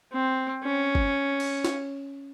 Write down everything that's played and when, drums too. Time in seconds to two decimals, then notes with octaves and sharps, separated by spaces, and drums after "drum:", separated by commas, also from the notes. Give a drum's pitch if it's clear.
0.13 C4
0.64 C#4
0.95 drum: kick
1.40 drum: cymbal
1.64 drum: snare